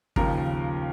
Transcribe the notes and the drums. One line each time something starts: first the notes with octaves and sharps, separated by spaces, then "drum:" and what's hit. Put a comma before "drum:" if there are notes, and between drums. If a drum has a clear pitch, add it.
D#2 C#3 F3 A#4, drum: kick